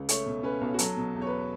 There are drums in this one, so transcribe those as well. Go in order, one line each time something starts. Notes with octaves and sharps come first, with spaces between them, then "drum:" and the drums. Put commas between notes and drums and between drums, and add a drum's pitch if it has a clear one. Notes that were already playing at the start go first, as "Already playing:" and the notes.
Already playing: C#2
A3 C#5, drum: hi-hat
B2
C#4 B4
B1
F#4
F#3 A4, drum: hi-hat
B2
E2
C#5
B4